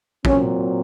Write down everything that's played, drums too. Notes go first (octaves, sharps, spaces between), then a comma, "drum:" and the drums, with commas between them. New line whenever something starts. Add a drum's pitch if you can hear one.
A#2 F#3 C4 C#4, drum: kick